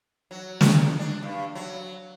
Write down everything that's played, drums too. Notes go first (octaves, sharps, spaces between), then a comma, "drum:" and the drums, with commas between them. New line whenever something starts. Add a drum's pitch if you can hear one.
F#3
drum: snare
D4
G2
F#3